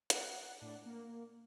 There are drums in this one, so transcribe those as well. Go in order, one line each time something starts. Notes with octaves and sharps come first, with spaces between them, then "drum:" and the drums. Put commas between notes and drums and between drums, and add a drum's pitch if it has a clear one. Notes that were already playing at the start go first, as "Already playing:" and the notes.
F#5, drum: hi-hat
A2 D4
A#3